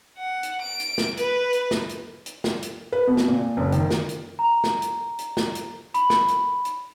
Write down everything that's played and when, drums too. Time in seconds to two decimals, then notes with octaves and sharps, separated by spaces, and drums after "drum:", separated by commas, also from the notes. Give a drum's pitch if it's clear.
0.18 F#5
0.43 drum: hi-hat
0.61 D7
0.80 drum: hi-hat
0.98 drum: snare
1.17 B4, drum: hi-hat
1.53 drum: hi-hat
1.71 drum: snare
1.89 drum: hi-hat
2.26 drum: hi-hat
2.44 drum: snare
2.62 drum: hi-hat
2.92 B4
3.07 B2
3.17 drum: snare
3.28 A#2
3.57 F#1
3.72 D#3, drum: hi-hat
3.91 drum: snare
4.09 drum: hi-hat
4.39 A#5
4.64 drum: snare
4.82 drum: hi-hat
5.19 drum: hi-hat
5.37 drum: snare
5.55 drum: hi-hat
5.94 B5, drum: hi-hat
6.10 drum: snare
6.28 drum: hi-hat
6.65 drum: hi-hat